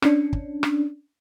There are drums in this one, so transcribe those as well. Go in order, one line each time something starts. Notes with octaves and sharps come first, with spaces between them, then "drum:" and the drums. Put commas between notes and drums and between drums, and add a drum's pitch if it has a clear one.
C#4 D4, drum: rim click
drum: kick
drum: rim click